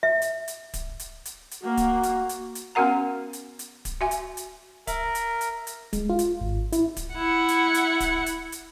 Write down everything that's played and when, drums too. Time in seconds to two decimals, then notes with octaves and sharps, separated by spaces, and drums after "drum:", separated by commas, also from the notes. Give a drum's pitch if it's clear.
0.03 E5
0.22 drum: hi-hat
0.48 drum: hi-hat
0.74 drum: kick D1, hi-hat
0.99 drum: hi-hat
1.25 drum: hi-hat
1.51 drum: hi-hat
1.63 A#3 F#4
1.77 drum: kick D1, hi-hat
2.03 drum: hi-hat
2.29 drum: hi-hat
2.55 drum: hi-hat
2.75 B3 C#4 F#4 A#4 F#5 A#5
3.33 drum: hi-hat
3.59 drum: hi-hat
3.85 drum: kick D1, hi-hat
4.01 F#4 E5 G#5
4.11 drum: hi-hat
4.37 drum: hi-hat
4.87 A#4 E5, drum: kick D1, hi-hat
5.15 drum: hi-hat
5.41 drum: hi-hat
5.67 drum: hi-hat
5.93 G#3, drum: kick D1, hi-hat
6.10 F4
6.19 drum: hi-hat
6.41 G#1
6.72 E4, drum: hi-hat
6.97 drum: kick D1, hi-hat
7.14 E4 F#5
7.48 drum: hi-hat
7.74 drum: hi-hat
8.00 drum: kick D1, hi-hat
8.26 drum: hi-hat
8.52 drum: hi-hat